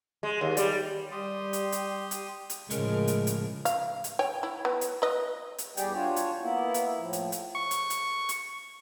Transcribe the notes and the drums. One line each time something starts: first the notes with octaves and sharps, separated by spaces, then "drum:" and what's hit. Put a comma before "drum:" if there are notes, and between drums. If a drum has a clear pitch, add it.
G#3
D#2
G3, drum: hi-hat
G3 G4 C6 D#6
drum: hi-hat
drum: hi-hat
drum: hi-hat
drum: hi-hat
A2 C#3 F3 G#3 A#4, drum: hi-hat
drum: hi-hat
drum: hi-hat
F5, drum: hi-hat
drum: hi-hat
C#5 G5 G#5
E4
B3
drum: hi-hat
B4 D#5
drum: hi-hat
E2 G3 G4 G#4 D5 G5, drum: hi-hat
D4 F4 F#4 C#5
drum: hi-hat
A#3 B3 E4
drum: hi-hat
A2 F3
drum: hi-hat
drum: hi-hat
C#6
drum: hi-hat
drum: hi-hat
drum: hi-hat